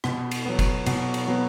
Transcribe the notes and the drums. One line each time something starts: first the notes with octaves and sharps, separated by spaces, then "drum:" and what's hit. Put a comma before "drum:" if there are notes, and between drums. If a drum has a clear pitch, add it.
B2, drum: rim click
drum: cymbal
F#3 B3
drum: kick F#1, cymbal
B2, drum: cymbal
drum: cymbal
F#3 B3